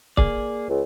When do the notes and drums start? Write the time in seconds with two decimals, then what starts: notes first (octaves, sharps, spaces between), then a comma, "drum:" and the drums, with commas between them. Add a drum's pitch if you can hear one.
0.17 A#3 G#4 D5, drum: kick
0.69 C#2